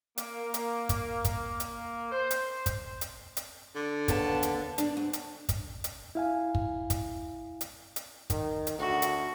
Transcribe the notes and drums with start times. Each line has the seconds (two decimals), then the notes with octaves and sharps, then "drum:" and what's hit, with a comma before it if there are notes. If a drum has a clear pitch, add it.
0.18 A#3, drum: hi-hat
0.54 drum: hi-hat
0.89 drum: kick, hi-hat
1.25 drum: kick, hi-hat
1.60 drum: hi-hat
2.12 C5
2.31 drum: hi-hat
2.66 drum: kick, hi-hat
3.01 drum: hi-hat
3.37 drum: hi-hat
3.76 D3
4.08 D#2 B3 A5, drum: kick, hi-hat
4.43 drum: hi-hat
4.78 D4, drum: hi-hat
4.97 D2
5.13 drum: hi-hat
5.49 drum: kick, hi-hat
5.84 drum: hi-hat
6.15 E4 F5 G#5
6.55 drum: kick
6.90 drum: kick, hi-hat
7.61 drum: hi-hat
7.96 drum: hi-hat
8.30 D#3, drum: kick, hi-hat
8.67 drum: hi-hat
8.79 D2 F#4
9.02 drum: hi-hat